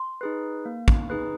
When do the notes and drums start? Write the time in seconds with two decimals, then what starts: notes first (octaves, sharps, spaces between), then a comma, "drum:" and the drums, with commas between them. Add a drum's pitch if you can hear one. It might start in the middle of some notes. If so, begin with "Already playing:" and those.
Already playing: C6
0.21 D#4 G#4 B4
0.65 A#3
0.88 drum: kick
1.10 D#4 G#4 B4